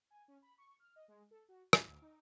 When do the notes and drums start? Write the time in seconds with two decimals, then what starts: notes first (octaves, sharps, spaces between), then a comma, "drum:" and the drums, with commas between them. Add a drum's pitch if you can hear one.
0.10 G#5
0.28 C#4
0.42 B5
0.58 C#6
0.80 F6
0.96 D#5
1.08 G#3
1.31 A4
1.49 F#4
1.73 A2, drum: rim click
1.87 D2
2.02 D#4